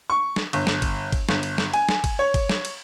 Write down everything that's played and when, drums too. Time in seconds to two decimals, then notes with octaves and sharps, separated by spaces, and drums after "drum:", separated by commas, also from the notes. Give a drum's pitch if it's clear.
0.10 C#6
0.36 drum: snare
0.53 G1, drum: cymbal
0.67 drum: snare
0.82 drum: kick G1, cymbal
1.12 drum: kick G1, cymbal
1.29 G1, drum: snare
1.43 drum: cymbal
1.58 drum: snare
1.73 G#5, drum: cymbal
1.89 drum: snare
2.04 drum: kick G1, cymbal
2.19 C#5
2.34 drum: kick G1, cymbal
2.49 drum: snare
2.65 drum: cymbal